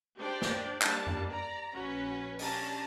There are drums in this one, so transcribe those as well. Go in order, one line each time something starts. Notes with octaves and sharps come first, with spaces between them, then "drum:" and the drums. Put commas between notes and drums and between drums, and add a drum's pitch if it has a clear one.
D4 G4 C5 D5 G5
drum: snare
G3 A#3 D4 A5, drum: clap
drum: tom F2
D5 A#5
A#1 C#4 F#4 B4
C#4 D4 G4 A5 A#5, drum: open hi-hat